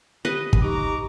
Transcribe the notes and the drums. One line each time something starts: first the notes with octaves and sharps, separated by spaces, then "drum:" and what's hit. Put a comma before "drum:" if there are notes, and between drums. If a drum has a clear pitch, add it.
D3 G4 B4 D#5
drum: kick
D#4 G4 A#5 C#6 D6